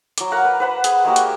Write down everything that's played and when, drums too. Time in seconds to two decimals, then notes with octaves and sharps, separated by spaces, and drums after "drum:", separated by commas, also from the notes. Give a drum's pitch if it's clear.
0.18 F#3 D6, drum: hi-hat
0.32 A#4 F5 F#5
0.45 B4
0.60 B4 C5 F#5 B5
0.84 G#4, drum: hi-hat
1.05 G#3 A#3 F#4 G4
1.16 drum: hi-hat